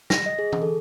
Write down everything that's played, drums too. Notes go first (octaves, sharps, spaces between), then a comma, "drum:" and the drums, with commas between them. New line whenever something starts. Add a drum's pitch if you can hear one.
A#6, drum: snare
D#5
G#4
drum: tom E3
A4